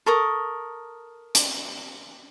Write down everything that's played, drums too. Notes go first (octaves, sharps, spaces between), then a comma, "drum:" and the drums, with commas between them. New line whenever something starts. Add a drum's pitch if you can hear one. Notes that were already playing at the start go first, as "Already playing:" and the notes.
A4 A#4 C#6 D#6
drum: hi-hat